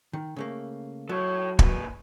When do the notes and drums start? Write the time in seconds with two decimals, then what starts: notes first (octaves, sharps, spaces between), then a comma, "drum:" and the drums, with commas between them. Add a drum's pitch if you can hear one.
0.13 D#3
0.36 C#3 A3 A#3
1.09 F#3 A4 C#5
1.59 A#2 B4, drum: kick